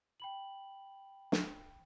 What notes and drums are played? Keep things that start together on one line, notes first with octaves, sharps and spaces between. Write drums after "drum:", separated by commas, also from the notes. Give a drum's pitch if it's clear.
G5 B5 F#7
drum: snare